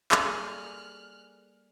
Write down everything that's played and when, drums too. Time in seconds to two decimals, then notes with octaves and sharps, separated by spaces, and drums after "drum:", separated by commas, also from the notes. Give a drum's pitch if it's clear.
0.12 G3 A#3 G#4 A4 F6 F#6, drum: clap